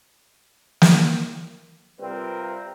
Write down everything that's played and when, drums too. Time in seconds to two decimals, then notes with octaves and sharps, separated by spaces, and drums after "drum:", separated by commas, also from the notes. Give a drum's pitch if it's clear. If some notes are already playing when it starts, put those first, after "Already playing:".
0.82 drum: snare
2.00 C3 G3 C4 F4 A#4 B4